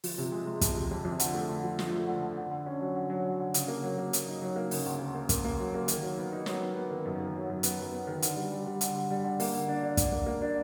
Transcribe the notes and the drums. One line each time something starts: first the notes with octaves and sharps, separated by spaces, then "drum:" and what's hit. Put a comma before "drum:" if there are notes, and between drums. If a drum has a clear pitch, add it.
F3, drum: open hi-hat
C3
G#3
G#3
F2, drum: kick, hi-hat
C3
F2
F2
D3, drum: hi-hat
A3
D3
F3
F3, drum: snare
A3
D3
D3
D3
D3
C#4
F#3
D3
F#3
F#3
D3
C#3, drum: hi-hat
A#3
F#3
A#3
F#3, drum: hi-hat
D#4
F#3
A#3
C#3, drum: open hi-hat
D2
A#3
A#3
A#3, drum: kick, hi-hat
A#3
F#3
A#3
D#3, drum: hi-hat
F#3
B3
D#4
F#3, drum: snare
B3
B3
D#3
F#2
D#3
F#3
F#2
B3, drum: hi-hat
F#2
B3
D#3
D3, drum: hi-hat
G3
G3
G3
D3, drum: hi-hat
D3
G3
D3
A#3, drum: open hi-hat
D3
D4
D4
D4, drum: kick, hi-hat
A#3
A#3
D4